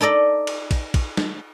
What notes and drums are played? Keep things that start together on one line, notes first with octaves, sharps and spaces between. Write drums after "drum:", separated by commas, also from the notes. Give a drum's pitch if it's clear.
D#4 A4 D5 D#5
drum: cymbal
drum: kick, cymbal
drum: kick, cymbal
drum: snare